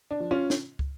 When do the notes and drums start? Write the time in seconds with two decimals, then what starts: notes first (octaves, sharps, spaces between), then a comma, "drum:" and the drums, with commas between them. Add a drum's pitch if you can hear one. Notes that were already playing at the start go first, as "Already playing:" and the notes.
0.11 D4
0.20 F3
0.31 C#4 F4
0.50 drum: snare
0.79 drum: kick